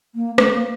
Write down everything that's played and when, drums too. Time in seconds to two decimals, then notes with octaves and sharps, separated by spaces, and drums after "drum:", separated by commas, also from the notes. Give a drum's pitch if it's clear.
0.15 A#3
0.38 A3, drum: rim click
0.54 A#3